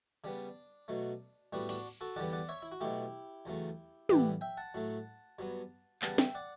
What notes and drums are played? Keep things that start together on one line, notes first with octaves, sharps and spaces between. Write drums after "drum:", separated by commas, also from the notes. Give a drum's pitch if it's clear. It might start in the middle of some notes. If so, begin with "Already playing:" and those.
C#3 G3 B3 D4
B2 F#3 A3
A2 G3 B3 D4 F#4
D4 F#4, drum: cymbal
F#4 A4
E2 D3 G3 B3 D5 F#5
D5 F#5
C#5 E5
E4
F#4
B2 F#3 A3 E4 G4
E2 C#3 F#3 A3
A2 E3 G3 B3 G4 B4, drum: tom
E5 G5
F#5 A5
A2 F#3 A3
G2 F#3 B3
C#3 G3 B3 F#5 A5, drum: clap
E5 G5, drum: snare
D5 F#5